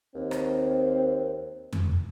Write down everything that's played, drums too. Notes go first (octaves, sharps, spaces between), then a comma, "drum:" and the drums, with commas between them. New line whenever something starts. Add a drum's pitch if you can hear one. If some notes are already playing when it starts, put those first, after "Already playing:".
D#2 C4
drum: rim click
drum: tom F2